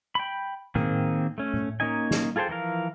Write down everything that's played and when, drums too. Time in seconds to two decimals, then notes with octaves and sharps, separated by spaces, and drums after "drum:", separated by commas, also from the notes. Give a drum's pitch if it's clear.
0.15 G5 B5
0.75 D#3 A#3 C4 G#4, drum: tom A2
1.38 A3 C#4
1.54 drum: tom A2
1.80 A#3 C#4 D#4 D#5 G#5
2.11 drum: snare
2.36 F4 G#4 A4 C5 G5
2.49 E3 F3 A#4 F5